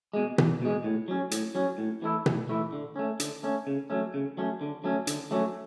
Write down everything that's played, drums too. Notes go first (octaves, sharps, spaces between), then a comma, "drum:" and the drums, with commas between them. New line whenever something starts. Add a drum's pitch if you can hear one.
B2 G#3
E2, drum: tom B2
B2 G#3
A2
F#3 C#4
A2, drum: hi-hat
F#3 C#4
A2
E3 A3 E4
A2, drum: tom B2
E3 A3 E4
D3
A3 C#4
D3, drum: hi-hat
A3 C#4
C#3
F#3 A3 C#4
C#3
F#3 A3 C#4
D3
F#3 A3 C#4
D3, drum: hi-hat
F#3 A3 C#4